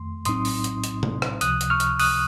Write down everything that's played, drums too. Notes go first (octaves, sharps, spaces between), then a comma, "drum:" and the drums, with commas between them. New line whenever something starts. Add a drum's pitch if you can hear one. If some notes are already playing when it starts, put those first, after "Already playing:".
Already playing: F2 D#3 A3 C6
A#1 A2 F#3 C4 D#4 C6 D#6, drum: hi-hat
drum: open hi-hat
drum: hi-hat
drum: hi-hat
drum: tom C3
drum: rim click
C#2 C3 F3 D#6 F#6, drum: hi-hat
drum: hi-hat
C#6 F6
drum: hi-hat
D#6 F#6, drum: open hi-hat